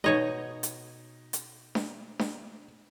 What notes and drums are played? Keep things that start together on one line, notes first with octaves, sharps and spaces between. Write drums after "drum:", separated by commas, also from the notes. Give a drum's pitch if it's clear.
B2 D#4 C#5 D#5
drum: hi-hat
drum: hi-hat
drum: snare D4
drum: snare D4